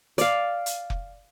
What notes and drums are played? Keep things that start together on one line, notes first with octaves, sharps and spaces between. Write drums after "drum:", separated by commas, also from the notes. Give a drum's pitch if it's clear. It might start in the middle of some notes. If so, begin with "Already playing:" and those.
D5 F5, drum: hi-hat
drum: hi-hat
drum: kick F1